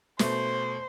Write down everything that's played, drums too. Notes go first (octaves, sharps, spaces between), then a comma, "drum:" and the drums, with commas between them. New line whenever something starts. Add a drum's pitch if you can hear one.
B2 A3 C5, drum: snare